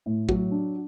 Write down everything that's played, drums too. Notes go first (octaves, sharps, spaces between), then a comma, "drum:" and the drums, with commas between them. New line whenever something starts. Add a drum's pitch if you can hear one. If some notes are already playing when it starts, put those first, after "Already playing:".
A2
F#3, drum: kick
D4